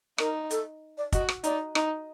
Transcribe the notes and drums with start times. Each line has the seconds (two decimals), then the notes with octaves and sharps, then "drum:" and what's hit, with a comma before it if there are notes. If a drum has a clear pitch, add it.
0.18 D#4 A#4, drum: rim click
0.51 A4, drum: hi-hat
0.98 D5
1.12 F#4 D#5, drum: kick, hi-hat
1.29 drum: rim click
1.44 D#4 D5, drum: hi-hat
1.75 D#4, drum: rim click